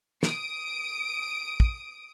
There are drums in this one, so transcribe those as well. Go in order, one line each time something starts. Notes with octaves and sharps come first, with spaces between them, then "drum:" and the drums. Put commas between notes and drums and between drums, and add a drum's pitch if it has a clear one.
D#6 D7, drum: snare
drum: kick